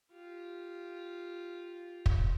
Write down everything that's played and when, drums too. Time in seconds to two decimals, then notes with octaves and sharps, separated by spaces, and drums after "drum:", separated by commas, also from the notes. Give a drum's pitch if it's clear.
0.11 F4 G4
2.06 drum: kick